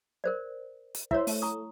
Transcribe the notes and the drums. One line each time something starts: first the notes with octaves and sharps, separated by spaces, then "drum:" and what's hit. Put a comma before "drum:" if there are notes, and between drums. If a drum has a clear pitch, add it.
A#4 C5 D5
drum: hi-hat
E4 C5 C#5 E5, drum: kick
A3, drum: open hi-hat
A#5 C#6 D#6